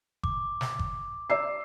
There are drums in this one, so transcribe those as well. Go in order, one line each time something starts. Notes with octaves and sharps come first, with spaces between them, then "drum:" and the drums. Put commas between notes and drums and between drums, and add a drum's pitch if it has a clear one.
D6, drum: kick G1
drum: snare
drum: kick G1
D5 E6 C7